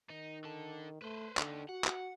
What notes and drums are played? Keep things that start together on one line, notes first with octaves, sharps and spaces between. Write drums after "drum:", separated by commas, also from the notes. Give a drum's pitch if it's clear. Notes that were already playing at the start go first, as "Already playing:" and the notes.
D#3 D#4
D3 A4
A3 B4 C5
D3 D#4 G4, drum: clap
F#4 F#5
drum: clap